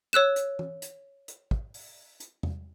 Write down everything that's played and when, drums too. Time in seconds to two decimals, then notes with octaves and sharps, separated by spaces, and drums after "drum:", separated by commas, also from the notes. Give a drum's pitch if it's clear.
0.13 C#5 E6 F#6 E7
0.36 drum: hi-hat
0.59 drum: tom
0.82 drum: hi-hat
1.28 drum: hi-hat
1.51 drum: kick
1.74 drum: open hi-hat
2.20 drum: hi-hat
2.43 drum: tom E2